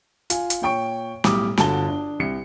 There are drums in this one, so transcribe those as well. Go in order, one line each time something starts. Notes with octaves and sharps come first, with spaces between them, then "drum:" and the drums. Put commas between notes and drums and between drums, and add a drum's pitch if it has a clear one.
F4 G#5, drum: hi-hat
drum: hi-hat
A#2 C#5 G5 C#6 D7
B1 A2 G3 G4 D6 D#6, drum: snare
G1 D3 F#4 A5 G7, drum: snare
D4
C2 C#7